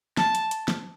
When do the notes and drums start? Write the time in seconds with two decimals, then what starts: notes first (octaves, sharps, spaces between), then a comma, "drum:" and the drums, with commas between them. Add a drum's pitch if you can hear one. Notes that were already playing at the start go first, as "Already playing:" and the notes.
0.17 A5, drum: snare
0.35 drum: hi-hat
0.51 drum: hi-hat
0.68 drum: snare